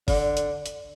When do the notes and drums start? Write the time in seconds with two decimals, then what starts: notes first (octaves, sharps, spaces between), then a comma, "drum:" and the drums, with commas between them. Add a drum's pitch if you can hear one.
0.08 D3, drum: kick, open hi-hat
0.37 drum: hi-hat
0.66 drum: hi-hat